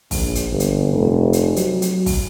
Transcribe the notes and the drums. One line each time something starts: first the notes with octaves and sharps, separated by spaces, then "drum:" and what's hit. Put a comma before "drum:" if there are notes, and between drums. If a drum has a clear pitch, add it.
A#1, drum: kick, open hi-hat
drum: hi-hat
G1
drum: hi-hat
F1
drum: hi-hat
F#3, drum: hi-hat
drum: hi-hat
drum: kick, open hi-hat